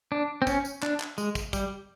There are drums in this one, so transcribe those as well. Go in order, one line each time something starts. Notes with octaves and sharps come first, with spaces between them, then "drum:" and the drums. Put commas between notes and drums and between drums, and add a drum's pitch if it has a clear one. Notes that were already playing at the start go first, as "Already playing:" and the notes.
D4
C4
C#4, drum: kick, tambourine
drum: tambourine
D4, drum: clap
drum: clap
G#3, drum: tambourine
drum: kick, tambourine
G3, drum: kick, tambourine